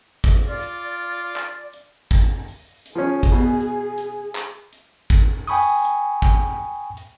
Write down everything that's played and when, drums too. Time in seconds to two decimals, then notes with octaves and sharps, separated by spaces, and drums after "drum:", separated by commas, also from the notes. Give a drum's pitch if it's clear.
0.24 drum: kick, hi-hat
0.49 F4 D5
0.61 drum: hi-hat
1.36 drum: clap
1.73 drum: hi-hat
2.11 drum: kick, hi-hat
2.48 drum: open hi-hat
2.86 drum: hi-hat
2.95 F3 C#4 G#4
3.23 drum: kick, hi-hat
3.32 B2
3.60 drum: hi-hat
3.98 drum: hi-hat
4.35 drum: clap
4.73 drum: hi-hat
5.10 drum: kick, hi-hat
5.47 G5 G#5 B5 C#6 D#6, drum: open hi-hat
5.85 drum: hi-hat
6.22 drum: kick, hi-hat
6.97 drum: hi-hat